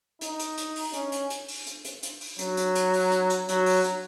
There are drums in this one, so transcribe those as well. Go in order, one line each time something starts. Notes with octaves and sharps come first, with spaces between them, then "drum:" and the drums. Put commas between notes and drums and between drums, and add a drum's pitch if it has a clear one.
D#4, drum: hi-hat
drum: hi-hat
drum: hi-hat
drum: open hi-hat
C#4, drum: hi-hat
drum: hi-hat
drum: hi-hat
drum: open hi-hat
drum: hi-hat
drum: hi-hat
drum: hi-hat
drum: open hi-hat
F#3, drum: hi-hat
drum: hi-hat
drum: hi-hat
drum: open hi-hat
drum: hi-hat
drum: hi-hat
F#3, drum: hi-hat
drum: open hi-hat
drum: hi-hat